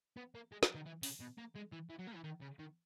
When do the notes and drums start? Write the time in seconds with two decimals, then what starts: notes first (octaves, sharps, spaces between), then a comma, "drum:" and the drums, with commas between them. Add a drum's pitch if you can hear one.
0.17 B3
0.35 A#3
0.52 G#3
0.63 F#3, drum: snare
0.75 D#3
0.86 E3
1.03 C#3, drum: open hi-hat
1.21 B2
1.38 A#3
1.55 G#3
1.72 E3
1.90 E3
1.99 F#3
2.07 A#3
2.16 E3
2.24 D#3
2.42 C#3
2.59 D#3